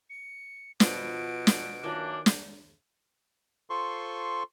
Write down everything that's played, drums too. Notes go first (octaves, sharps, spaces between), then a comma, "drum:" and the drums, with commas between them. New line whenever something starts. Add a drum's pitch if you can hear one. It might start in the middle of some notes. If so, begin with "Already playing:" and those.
C#7
B2 F3 B3 D7, drum: snare
drum: snare
F#2 D#3 A#3 D4 F4
drum: snare
F4 A4 C5 C6 C#6